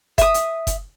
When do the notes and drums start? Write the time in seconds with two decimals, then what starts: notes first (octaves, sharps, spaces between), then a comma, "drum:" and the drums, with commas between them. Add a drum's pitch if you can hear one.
0.18 E5 D#6, drum: kick F#1, hi-hat
0.34 drum: hi-hat
0.67 drum: kick F#1, hi-hat